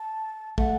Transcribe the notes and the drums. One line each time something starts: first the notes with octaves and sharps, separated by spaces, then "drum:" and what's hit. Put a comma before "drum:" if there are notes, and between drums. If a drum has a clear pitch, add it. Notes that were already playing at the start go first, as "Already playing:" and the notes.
Already playing: A5
A3 F#5, drum: kick